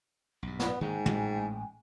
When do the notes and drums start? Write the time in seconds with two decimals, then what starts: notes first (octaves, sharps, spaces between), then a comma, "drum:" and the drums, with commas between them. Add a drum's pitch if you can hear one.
0.43 B1 G2
0.59 B3 D5, drum: snare
0.81 G#2 D#3 G#3 A#3 G5 G#5
1.06 A1 A2 G#3, drum: tom